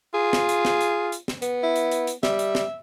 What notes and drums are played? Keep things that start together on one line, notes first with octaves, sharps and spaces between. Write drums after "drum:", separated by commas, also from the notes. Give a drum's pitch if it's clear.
F4 G#4
drum: snare
drum: hi-hat
drum: snare
drum: hi-hat
drum: hi-hat
drum: snare
B3, drum: hi-hat
E4
drum: hi-hat
drum: hi-hat
drum: hi-hat
G3 E5, drum: snare
drum: hi-hat
drum: snare